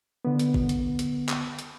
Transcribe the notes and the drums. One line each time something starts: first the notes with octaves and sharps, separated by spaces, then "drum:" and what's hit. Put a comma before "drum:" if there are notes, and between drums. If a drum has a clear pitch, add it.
D3 B3
drum: hi-hat
drum: kick G#1
drum: hi-hat
drum: hi-hat
drum: clap
drum: hi-hat